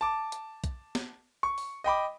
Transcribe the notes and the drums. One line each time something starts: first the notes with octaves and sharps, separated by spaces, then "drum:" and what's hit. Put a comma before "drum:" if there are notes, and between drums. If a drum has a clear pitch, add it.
A5 D6
drum: hi-hat
drum: kick, hi-hat
drum: snare
C#6
drum: open hi-hat
D#5 G5 B5 D6